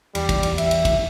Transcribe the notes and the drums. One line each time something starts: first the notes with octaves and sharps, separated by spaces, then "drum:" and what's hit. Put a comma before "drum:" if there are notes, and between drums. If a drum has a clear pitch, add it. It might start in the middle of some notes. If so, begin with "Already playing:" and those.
E2 G3, drum: cymbal
drum: kick, cymbal
drum: cymbal
E5, drum: cymbal
drum: cymbal
drum: kick, cymbal